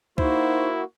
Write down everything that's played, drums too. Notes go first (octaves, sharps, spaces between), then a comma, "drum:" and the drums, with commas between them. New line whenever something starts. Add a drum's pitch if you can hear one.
A#3 D#4 E4 F#4 C5, drum: kick